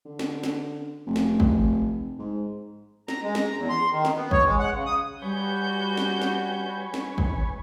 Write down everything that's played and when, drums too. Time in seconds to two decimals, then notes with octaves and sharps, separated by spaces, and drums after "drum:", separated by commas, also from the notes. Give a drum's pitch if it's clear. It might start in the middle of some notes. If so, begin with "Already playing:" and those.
0.05 D3
0.19 drum: snare
0.43 drum: snare
1.07 F1
1.16 drum: snare
1.40 drum: kick
2.19 G#2
3.08 A#5, drum: snare
3.22 G#3
3.35 A#5, drum: snare
3.56 E2
3.69 C6
3.90 D#3
4.05 drum: snare
4.15 B3
4.31 C#5, drum: kick
4.44 G#3
4.60 F#5
4.74 C#3
4.86 D#6
5.22 G3 F#4 B4 C#5 G#5 G6
5.97 drum: snare
6.21 drum: snare
6.94 drum: snare
7.18 drum: kick